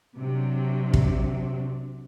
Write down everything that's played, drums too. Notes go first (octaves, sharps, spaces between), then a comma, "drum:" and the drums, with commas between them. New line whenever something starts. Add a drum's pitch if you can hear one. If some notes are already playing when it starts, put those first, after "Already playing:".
C3 F#3 D4
drum: kick